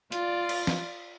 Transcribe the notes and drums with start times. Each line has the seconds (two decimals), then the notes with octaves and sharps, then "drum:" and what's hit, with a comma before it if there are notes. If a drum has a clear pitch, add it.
0.12 F4 D5, drum: hi-hat
0.49 drum: cymbal
0.67 drum: snare